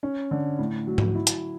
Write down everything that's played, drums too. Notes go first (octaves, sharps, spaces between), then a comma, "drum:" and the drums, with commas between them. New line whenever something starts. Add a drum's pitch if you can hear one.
C#4
D3
A2
F#3
drum: tom G#2
E4
drum: hi-hat